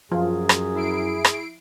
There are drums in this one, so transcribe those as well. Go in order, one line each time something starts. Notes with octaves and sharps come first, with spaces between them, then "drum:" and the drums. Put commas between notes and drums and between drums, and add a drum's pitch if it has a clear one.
F#2 F3 F4 G#4
drum: rim click
E4 C7 D7
drum: rim click